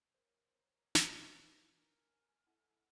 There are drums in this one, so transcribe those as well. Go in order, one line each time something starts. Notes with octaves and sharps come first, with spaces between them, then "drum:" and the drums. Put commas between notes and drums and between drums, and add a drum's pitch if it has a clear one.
A#4 C5 C#5
drum: snare
B4
A#4 G#5 F6
E4 A4 F#5